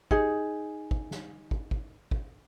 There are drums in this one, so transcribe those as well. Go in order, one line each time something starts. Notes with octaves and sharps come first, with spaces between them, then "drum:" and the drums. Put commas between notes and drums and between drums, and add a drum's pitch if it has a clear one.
D#4 G#4, drum: kick
drum: kick
drum: snare
drum: kick
drum: kick
drum: kick